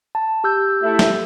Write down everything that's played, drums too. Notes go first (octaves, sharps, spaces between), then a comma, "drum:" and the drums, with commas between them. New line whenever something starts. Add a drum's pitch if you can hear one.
A5
G4 E6 G6
A3 E4
drum: snare